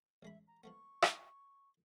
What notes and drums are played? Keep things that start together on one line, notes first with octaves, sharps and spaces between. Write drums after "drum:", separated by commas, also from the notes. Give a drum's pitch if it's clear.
A1 G#3 E5 B5
A#5
F3 A3 B3 C#6
drum: rim click